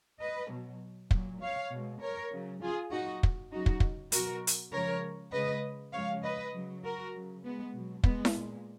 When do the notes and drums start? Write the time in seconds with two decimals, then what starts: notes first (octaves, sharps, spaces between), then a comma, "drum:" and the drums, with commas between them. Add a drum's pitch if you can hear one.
0.21 B4 D#5
0.50 B2 F#3
1.11 A#2 F#3, drum: kick
1.41 C#5 F5
1.71 B2 G#3
2.01 A#4 C#5
2.31 C#3 F#3
2.61 F4 G#4
2.91 A#2 F#3 D#4 F#4
3.23 drum: kick
3.51 C#3 F#3 D#4 F#4
3.66 drum: kick
3.80 drum: kick
4.12 B2 F#3 F#4 A#4, drum: hi-hat
4.47 drum: hi-hat
4.72 C#3 F3 G#3 A#4 C#5
5.32 C#3 G#3 B4 D#5
5.92 C#3 F3 G#3 C#5 F5
6.23 B4 D#5
6.53 C#3 F#3
6.84 F#4 A#4
7.14 C#3 F#3
7.44 G#3 B3
7.73 B2 F#3
8.04 G#3 B3, drum: kick
8.25 drum: snare E4
8.34 A#2 G#3